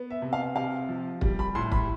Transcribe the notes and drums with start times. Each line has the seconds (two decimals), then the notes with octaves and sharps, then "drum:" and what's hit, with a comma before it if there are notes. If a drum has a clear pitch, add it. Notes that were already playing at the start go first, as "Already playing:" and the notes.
Already playing: B3
0.10 E5
0.22 C3
0.33 F5
0.55 C3 F5
0.89 F3
1.21 G3, drum: kick
1.39 B5
1.55 A2 C6
1.72 B5, drum: kick